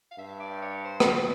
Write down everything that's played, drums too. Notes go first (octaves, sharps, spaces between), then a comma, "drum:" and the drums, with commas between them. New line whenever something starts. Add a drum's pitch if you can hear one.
F5
G2 E5
D5
C#5
C5
drum: rim click
B4